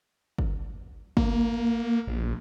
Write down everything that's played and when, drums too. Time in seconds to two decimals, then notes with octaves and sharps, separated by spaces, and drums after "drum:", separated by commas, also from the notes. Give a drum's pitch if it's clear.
0.38 drum: kick
1.17 A#3, drum: kick
2.07 A#1